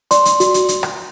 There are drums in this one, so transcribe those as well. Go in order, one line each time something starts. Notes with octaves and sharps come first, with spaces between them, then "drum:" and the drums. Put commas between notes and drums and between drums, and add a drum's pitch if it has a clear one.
D5 C6, drum: hi-hat
drum: hi-hat
F#4, drum: hi-hat
drum: hi-hat
drum: hi-hat
drum: rim click